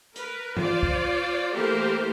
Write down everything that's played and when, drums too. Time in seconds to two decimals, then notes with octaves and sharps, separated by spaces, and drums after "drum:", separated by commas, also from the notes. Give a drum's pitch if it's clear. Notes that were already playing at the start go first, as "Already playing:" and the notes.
0.16 A#4 B4, drum: hi-hat
0.57 F4 C5 D5, drum: tom
0.83 drum: kick
1.53 E3 A3 A#3 G4 A#4 C5